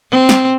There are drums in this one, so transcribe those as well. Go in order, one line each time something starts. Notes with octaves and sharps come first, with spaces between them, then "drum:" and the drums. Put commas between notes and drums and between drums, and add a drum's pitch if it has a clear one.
C4
drum: snare